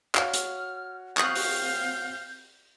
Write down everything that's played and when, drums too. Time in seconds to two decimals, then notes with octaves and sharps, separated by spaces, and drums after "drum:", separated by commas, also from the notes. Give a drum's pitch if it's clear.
0.15 F#4 C#5 F5 F6, drum: clap
0.34 drum: hi-hat
1.17 C4 F5 C#6 D#6 F#6 G6, drum: clap
1.35 drum: open hi-hat